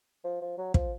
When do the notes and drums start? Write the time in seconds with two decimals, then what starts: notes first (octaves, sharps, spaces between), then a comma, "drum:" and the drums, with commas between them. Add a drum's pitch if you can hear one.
0.24 F3
0.42 F3
0.58 F#3
0.74 F3, drum: kick